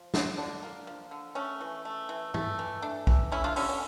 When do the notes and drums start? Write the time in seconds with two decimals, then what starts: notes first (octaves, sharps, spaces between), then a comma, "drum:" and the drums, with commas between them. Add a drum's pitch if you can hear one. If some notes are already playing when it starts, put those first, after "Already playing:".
Already playing: F3
0.14 D3, drum: snare
0.38 D3 D4
0.63 A#3
0.87 F3
1.11 D3
1.35 A3 C#4
1.61 E3
1.85 A3
2.09 E3
2.34 A3, drum: tom G2
2.59 E3
2.82 A3 D4
3.07 E3, drum: kick
3.32 A3 C#4 E4
3.44 D4 F4
3.56 D3 C#4 E4, drum: open hi-hat
3.69 C#4